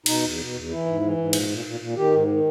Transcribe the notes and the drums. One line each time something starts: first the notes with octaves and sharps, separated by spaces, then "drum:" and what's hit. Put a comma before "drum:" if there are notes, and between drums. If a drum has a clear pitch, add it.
B2 D#4, drum: cymbal
E2
B2
E2
E3 E4
G#2
E3
G#2
A#2, drum: cymbal
A#2
A#2
A#2
D#3 G4
G#2
D#3